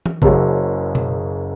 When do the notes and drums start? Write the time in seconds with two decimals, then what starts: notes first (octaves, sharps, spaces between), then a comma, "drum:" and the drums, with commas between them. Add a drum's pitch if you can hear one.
0.06 drum: tom E3
0.22 F#1 F#2 C#3 F#3, drum: kick A1
0.95 drum: tom B2